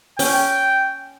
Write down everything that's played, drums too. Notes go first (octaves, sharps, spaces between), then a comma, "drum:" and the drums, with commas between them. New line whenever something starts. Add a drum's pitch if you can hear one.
C#4 G5, drum: open hi-hat